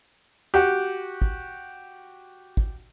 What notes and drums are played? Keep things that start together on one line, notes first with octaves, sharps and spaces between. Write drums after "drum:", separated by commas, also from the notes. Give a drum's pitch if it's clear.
F#4 G4
drum: kick
drum: kick